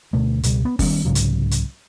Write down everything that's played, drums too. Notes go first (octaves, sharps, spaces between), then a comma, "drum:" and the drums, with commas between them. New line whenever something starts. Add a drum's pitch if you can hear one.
D2 B2 A3
C#2 B2 G3, drum: hi-hat
B3
D#3 G3 B3 C#4, drum: kick G1, open hi-hat
C2 G#2 C#3 F#3
drum: hi-hat
drum: hi-hat